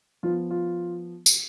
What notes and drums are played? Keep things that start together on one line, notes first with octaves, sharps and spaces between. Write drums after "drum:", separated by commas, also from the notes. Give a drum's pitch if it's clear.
F3 B3 F4
F4
drum: tambourine